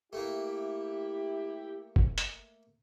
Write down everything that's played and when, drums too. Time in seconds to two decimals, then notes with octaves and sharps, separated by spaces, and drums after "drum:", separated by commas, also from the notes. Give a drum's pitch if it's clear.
0.13 A3 A#3 E4 G4
1.96 drum: kick F#1
2.18 drum: hi-hat